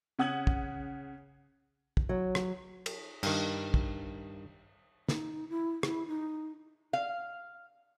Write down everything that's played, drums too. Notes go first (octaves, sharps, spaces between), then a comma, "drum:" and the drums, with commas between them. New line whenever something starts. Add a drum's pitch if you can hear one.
C#3 F#5 D#6 G#6 F#7
drum: kick
drum: kick
F#3
drum: rim click
drum: cymbal
G2 D#3, drum: cymbal
drum: kick
D#4, drum: snare
E4
E4, drum: rim click
D#4
F5